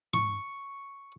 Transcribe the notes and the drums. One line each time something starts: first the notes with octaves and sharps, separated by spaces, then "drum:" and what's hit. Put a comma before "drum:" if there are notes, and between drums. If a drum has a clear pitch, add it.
C#6, drum: tom